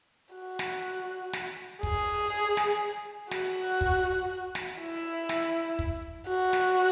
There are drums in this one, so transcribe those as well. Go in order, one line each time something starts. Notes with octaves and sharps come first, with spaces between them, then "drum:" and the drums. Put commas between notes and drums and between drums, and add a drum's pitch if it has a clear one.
F#4
drum: snare
drum: snare
G#4, drum: kick
drum: snare
F#4, drum: snare
drum: kick
drum: snare
E4
drum: snare
drum: kick
F#4
drum: snare